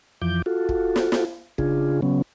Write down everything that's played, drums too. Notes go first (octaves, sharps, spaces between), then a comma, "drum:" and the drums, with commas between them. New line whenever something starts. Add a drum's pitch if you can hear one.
F2 E3 F3 D6 G6
F4 F#4 A4
drum: kick
drum: snare
drum: snare
C#3 D4 F4 G#4, drum: kick
C#3 F#3 B3 C#4